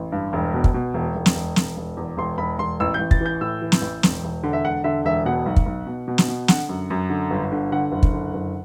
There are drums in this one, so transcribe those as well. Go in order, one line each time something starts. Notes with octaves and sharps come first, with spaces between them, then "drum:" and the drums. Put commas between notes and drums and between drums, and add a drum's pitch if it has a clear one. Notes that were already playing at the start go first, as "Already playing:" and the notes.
Already playing: A1
G2
E1
B2
drum: kick
B2
E1
E1
drum: snare
E1
E1, drum: snare
E1
E2
E1 C6
E1 B5
E1 C6
A1 E6
G6
A1
A6, drum: kick
E3
G6
A2 E6
E3
drum: snare
A1
E1, drum: snare
E1
D3
E5
E1 F#5
D3 E5
E1 E5
B2 F#5
B1
drum: kick
B1
B2
B2
drum: snare
B2
D3 F#5, drum: snare
F#2
F#2
D3
G1
D3
D3 F#5
F#1
drum: kick
D3
F#1